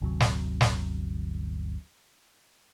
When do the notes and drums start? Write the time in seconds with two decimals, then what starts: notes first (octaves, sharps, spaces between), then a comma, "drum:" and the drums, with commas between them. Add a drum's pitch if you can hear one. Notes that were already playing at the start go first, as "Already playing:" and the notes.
0.01 G1 D2 C3 F#3
0.20 drum: snare
0.61 drum: snare